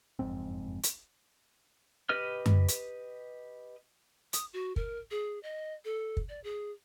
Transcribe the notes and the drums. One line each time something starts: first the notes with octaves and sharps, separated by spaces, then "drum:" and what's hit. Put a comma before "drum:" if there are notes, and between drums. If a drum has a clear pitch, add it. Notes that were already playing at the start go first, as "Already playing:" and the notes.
F#1 F2 G#2 C4
drum: hi-hat
G4 B4 D#5 F6
drum: tom F#2
drum: hi-hat
D#6, drum: hi-hat
F#4
A#4, drum: kick
G#4
D#5
A4
drum: kick
D5
G#4